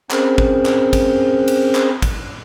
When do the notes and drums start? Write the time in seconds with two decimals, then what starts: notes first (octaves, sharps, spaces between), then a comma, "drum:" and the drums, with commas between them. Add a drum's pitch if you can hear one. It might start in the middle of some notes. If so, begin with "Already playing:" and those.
0.11 C4 C#4 G#4 A#4 C5, drum: clap
0.38 drum: kick
0.66 drum: clap
0.93 drum: kick, cymbal
1.48 drum: cymbal
1.75 drum: clap
2.02 drum: kick, cymbal